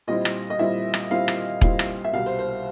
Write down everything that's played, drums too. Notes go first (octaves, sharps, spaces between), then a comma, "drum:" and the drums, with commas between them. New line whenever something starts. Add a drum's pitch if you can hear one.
A#2 G3 C4 E4 D#5
drum: rim click
D#5
A#2 G3 C4 E4 E5
drum: rim click
A#2 G3 C4 E4 F5
drum: rim click
A#2 G3 C4 E4 F5, drum: kick E1
drum: rim click
E5
C2 B2 G3 F5
C5
C5